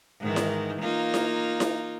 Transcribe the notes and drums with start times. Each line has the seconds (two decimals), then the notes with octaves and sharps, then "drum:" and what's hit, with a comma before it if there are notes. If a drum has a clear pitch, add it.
0.21 G#2 D#3 E3
0.36 drum: snare E4
0.82 A#3 D#4 F4
1.14 drum: snare E4
1.60 drum: snare E4